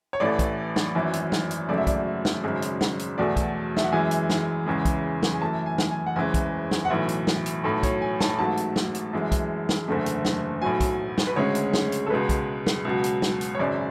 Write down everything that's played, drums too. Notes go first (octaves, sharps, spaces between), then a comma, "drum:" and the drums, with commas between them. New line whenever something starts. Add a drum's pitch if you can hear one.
C#5
A1 A2 E3 A3 D5
drum: kick, hi-hat
drum: snare
G#1 F#2 E3
drum: hi-hat
drum: snare
drum: hi-hat
G#1 F#2 C#3 F#3 A3 D5
E5
D5, drum: kick, hi-hat
drum: snare
G#1 F#2 C#3 G#3
drum: hi-hat
drum: snare
drum: hi-hat
E2 B2 F#3 A3 D5
drum: kick, hi-hat
E5, drum: snare
F#5
F#2 E3 G#3 G#5
drum: hi-hat
drum: snare
E2 C#3 E3 G#3
drum: kick, hi-hat
drum: snare
G#5
F#2 E3 A3 A5
G#5
drum: snare
G#5
F#5
F#1 E2 C#3 E3 G#3 G#5
drum: kick, hi-hat
drum: snare
F#5
B1 A2 E3 E5
drum: hi-hat
drum: snare
drum: hi-hat
B1 A2 F#3 A4
C#5, drum: kick, hi-hat
G#5
A5, drum: snare
A1 G#2 F#3 A3 A5
drum: hi-hat
drum: snare
drum: hi-hat
F#2 E3 G#3
drum: kick, hi-hat
drum: snare
F#1 E2 D3 A3
drum: hi-hat
drum: snare
B1 A2 F#3 G#5
drum: kick, hi-hat
drum: snare
B4
D2 C#3 G#3 C#5
drum: hi-hat
drum: snare
drum: hi-hat
A4
C#2 B2 G#3 B4
drum: kick, hi-hat
drum: snare
C#2 B2 F#3
drum: hi-hat
drum: snare
drum: hi-hat
C#5
G#1 F#2 C#3 D5